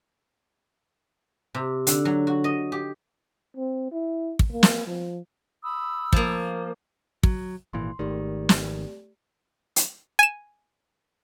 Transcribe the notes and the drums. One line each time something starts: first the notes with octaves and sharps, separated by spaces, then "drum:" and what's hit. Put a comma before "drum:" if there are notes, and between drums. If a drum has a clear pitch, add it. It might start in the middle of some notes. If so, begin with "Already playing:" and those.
C3
D3, drum: hi-hat
F#3
F#4
D#5
G4
C4
E4
drum: kick
A#3
drum: snare
F3
B5 D#6 E6
F3 A#3, drum: kick
F#3, drum: kick
G#1 A#2 E3 C6
G#1 D#3 A3 G4 D5
drum: snare
drum: hi-hat
G#5 E7